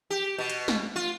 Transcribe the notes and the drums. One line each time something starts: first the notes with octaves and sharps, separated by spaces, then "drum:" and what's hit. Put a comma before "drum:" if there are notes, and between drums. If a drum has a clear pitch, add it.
G4
B2
drum: cymbal
drum: snare
F4